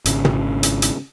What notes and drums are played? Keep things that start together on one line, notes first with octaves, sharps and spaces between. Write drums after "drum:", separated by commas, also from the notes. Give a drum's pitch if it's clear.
G#1 C#3, drum: hi-hat
drum: tom
drum: hi-hat
drum: hi-hat